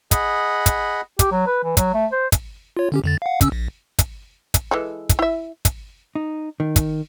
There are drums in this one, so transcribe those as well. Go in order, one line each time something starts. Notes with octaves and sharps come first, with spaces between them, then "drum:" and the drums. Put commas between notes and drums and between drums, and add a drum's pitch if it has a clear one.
G#4 D#5 F#5 B5, drum: kick, hi-hat
drum: kick, hi-hat
G4, drum: kick, hi-hat
F#3
B4
E3
F#3, drum: kick, hi-hat
A3
C5
drum: kick, hi-hat
F4 C#5
D3 C#4 G4
F2 D3 A6
F5 F#5
C#3 C#4 E6, drum: kick, hi-hat
A#1
drum: kick, hi-hat
drum: kick, hi-hat
E3 G#3 A4
drum: kick, hi-hat
E4 E5
drum: kick, hi-hat
D#4
D#3
drum: kick, hi-hat